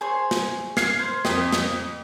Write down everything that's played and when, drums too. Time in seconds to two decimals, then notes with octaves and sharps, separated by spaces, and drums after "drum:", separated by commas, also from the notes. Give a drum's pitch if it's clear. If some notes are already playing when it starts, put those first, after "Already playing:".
0.01 G#4 C5 C#5
0.31 drum: snare
0.77 F6 G#6 C7, drum: snare
0.99 C5
1.25 F2 B6, drum: snare
1.53 drum: snare